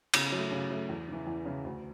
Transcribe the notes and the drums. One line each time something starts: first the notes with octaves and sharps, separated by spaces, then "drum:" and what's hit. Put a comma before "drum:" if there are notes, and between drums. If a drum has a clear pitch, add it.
C#3, drum: cymbal
F#3 A3
C#3
F#3 A3
E2
C#3 E3
E2
C#3 E3
D2